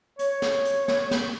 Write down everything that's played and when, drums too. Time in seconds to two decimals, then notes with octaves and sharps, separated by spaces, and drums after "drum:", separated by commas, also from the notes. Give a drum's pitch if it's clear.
0.19 C#5, drum: hi-hat
0.42 drum: snare
0.65 drum: hi-hat
0.88 drum: snare
1.11 drum: snare